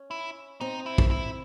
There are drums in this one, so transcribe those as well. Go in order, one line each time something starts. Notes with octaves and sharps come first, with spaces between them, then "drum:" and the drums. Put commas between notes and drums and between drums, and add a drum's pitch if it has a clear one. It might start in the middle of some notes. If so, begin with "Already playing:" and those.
Already playing: C#4
E4
C4 D#4
E4
drum: kick
E4